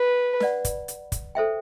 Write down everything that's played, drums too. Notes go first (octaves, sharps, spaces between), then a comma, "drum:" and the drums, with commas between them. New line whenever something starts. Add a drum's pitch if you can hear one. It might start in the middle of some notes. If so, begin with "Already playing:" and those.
Already playing: B4
B4 D5 F#5, drum: snare
drum: kick, hi-hat
drum: hi-hat
drum: kick, hi-hat
A4 C5 E5 G5